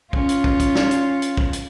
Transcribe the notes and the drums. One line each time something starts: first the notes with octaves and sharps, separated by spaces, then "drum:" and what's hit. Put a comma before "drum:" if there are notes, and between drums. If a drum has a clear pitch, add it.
C#4 F4, drum: kick
drum: hi-hat
drum: kick
drum: kick, hi-hat
drum: snare
drum: hi-hat
drum: hi-hat
drum: kick
drum: hi-hat